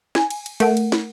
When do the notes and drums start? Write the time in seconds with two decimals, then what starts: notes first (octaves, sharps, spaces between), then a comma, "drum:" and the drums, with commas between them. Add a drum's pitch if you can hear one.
0.15 G#5, drum: snare
0.30 drum: cymbal
0.46 drum: cymbal
0.60 A3 A#4 F#5, drum: cymbal
0.77 drum: cymbal
0.92 drum: snare